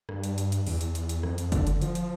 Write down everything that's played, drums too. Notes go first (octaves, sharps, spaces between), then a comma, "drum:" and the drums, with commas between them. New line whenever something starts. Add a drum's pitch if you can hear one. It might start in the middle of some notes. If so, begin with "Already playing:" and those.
G2, drum: rim click
drum: hi-hat
drum: hi-hat
drum: hi-hat
E2, drum: open hi-hat
drum: hi-hat
drum: hi-hat
drum: hi-hat
F2, drum: rim click
drum: hi-hat
D3, drum: kick, hi-hat
drum: hi-hat
F3, drum: hi-hat
drum: hi-hat